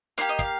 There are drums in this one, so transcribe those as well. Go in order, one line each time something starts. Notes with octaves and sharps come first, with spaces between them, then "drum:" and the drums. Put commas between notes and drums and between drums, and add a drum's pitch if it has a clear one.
A#3 D#4 G4 F5, drum: snare
D#5
F5, drum: kick, hi-hat